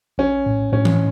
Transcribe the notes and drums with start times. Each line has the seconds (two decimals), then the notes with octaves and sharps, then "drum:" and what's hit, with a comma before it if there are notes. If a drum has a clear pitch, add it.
0.18 A#1 C#4
0.46 A2
0.73 A2 C#4
0.85 drum: tom E3